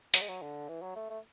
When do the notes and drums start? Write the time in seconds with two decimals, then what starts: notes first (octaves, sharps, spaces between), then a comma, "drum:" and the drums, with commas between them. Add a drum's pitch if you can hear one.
0.14 F#3, drum: hi-hat
0.21 G#3
0.29 F#3
0.42 D3
0.69 E3
0.82 F#3
0.96 A3
1.10 A3